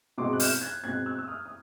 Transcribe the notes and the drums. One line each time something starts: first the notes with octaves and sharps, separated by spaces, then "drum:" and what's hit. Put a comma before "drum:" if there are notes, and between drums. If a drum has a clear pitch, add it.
B2 G#3 C4 C6 D6
F#6
F6 G6, drum: open hi-hat
F#6 G#6
B2 G#3 C4 F#6 G#6
E6 F#6
E6
D#6 F6
D#6